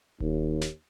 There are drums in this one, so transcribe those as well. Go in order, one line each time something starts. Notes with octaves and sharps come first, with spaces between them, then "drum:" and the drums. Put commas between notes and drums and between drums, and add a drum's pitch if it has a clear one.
D#2, drum: kick D#1
drum: snare